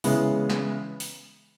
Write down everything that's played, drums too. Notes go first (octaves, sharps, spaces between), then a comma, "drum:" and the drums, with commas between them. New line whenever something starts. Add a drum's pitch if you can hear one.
C#3 E3 G#3 B3, drum: open hi-hat
drum: snare
drum: open hi-hat